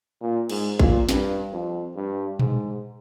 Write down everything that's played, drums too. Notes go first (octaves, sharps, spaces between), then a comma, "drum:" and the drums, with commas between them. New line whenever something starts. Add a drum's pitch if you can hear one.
A#2
G#2, drum: cymbal
A#2, drum: kick A1
G2, drum: snare
F2
G2
G#2, drum: tom A#2